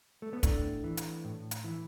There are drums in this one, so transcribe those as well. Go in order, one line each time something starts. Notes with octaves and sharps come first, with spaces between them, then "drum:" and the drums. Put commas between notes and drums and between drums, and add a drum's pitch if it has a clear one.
A3
B3
A2 A3 D4, drum: kick, hi-hat
E3
drum: hi-hat
A2
drum: hi-hat
E3